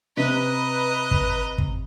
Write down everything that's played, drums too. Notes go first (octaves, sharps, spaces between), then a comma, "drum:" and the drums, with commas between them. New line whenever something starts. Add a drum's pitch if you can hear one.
C3 B4 D#5 A#5
drum: kick
drum: kick